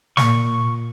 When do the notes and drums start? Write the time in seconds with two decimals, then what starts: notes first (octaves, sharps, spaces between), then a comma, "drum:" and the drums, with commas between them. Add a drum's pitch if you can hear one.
0.17 A#2 C#6, drum: snare